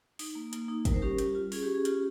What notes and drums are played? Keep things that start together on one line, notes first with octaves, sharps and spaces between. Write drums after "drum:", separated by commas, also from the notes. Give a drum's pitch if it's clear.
D#4, drum: open hi-hat
A#3
A#3, drum: hi-hat
D#4
G3 A#4, drum: kick, hi-hat
C5
C#4 G4 A#4
G3 G4, drum: hi-hat
F4
C#4 G#4, drum: open hi-hat
G4
C#4
G#4
F4 G4, drum: hi-hat